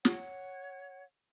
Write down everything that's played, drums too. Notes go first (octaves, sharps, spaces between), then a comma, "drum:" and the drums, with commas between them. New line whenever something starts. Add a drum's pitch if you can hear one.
C#5 F#5, drum: snare